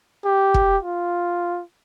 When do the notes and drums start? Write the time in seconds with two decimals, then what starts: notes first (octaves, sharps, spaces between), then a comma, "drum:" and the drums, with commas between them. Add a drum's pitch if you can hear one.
0.25 G4
0.54 drum: kick
0.83 F4